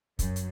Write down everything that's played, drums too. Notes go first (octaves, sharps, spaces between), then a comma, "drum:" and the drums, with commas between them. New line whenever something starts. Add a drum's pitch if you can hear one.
F#2, drum: kick, hi-hat
drum: hi-hat